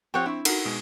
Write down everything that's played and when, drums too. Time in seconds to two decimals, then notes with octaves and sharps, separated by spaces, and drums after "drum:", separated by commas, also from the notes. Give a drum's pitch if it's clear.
0.14 F3 C4 G4 C#5 F#5
0.26 C4 D4 E4 C#6
0.45 D#4 F#4 A4 A#4 F#5, drum: cymbal
0.65 B2 G#3